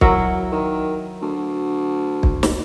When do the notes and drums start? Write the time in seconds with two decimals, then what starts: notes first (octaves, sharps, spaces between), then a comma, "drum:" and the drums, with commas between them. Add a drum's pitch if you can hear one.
0.01 F#3 E4 A#4, drum: kick
0.52 D#3
1.22 D2
2.23 drum: kick
2.43 drum: snare